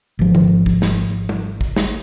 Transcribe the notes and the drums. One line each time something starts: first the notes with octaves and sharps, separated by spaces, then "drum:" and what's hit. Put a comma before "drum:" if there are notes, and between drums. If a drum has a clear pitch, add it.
G#1 F3
drum: tom D3
drum: kick
drum: snare
drum: tom G3
drum: kick
drum: snare